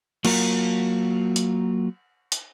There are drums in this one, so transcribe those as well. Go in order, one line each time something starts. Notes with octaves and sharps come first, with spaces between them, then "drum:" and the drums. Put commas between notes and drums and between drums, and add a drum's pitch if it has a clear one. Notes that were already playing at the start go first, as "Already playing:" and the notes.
F#3 A#3 F4 F#4 A#4, drum: cymbal
drum: hi-hat
drum: hi-hat